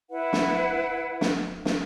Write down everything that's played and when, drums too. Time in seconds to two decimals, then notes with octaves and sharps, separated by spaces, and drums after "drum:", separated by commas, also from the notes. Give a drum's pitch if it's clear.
0.11 E4 B4 F#5
0.33 drum: snare
1.21 drum: snare
1.65 drum: snare